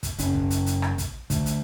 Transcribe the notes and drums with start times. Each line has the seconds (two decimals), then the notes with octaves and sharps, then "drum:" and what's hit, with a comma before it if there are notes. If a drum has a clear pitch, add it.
0.03 drum: kick, hi-hat
0.18 F#1 C#4, drum: hi-hat
0.35 drum: kick
0.50 drum: hi-hat
0.66 drum: hi-hat
0.82 drum: rim click
0.98 drum: kick, hi-hat
1.30 D2, drum: kick, hi-hat
1.46 drum: hi-hat